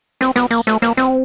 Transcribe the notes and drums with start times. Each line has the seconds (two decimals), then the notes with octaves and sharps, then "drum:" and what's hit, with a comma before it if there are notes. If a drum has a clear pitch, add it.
0.21 C4, drum: rim click
0.36 B3, drum: rim click
0.51 A#3, drum: tambourine
0.67 A3, drum: rim click
0.82 A#3, drum: rim click
0.97 C4, drum: rim click